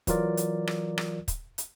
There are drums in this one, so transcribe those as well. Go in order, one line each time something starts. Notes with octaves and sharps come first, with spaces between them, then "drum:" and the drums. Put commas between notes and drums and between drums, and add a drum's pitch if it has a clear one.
E3 F#3 F4 A#4 D5, drum: kick, hi-hat
drum: hi-hat
drum: rim click
drum: rim click
drum: kick, hi-hat
drum: hi-hat